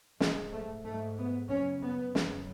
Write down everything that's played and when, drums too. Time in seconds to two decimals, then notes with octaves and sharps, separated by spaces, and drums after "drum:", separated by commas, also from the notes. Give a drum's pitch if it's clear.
0.20 G#2 G#3, drum: snare
0.53 A3
0.85 G#2 A3
1.18 B3
1.49 F#2 C#3 C#4
1.82 B3
2.15 F#2 C#3, drum: snare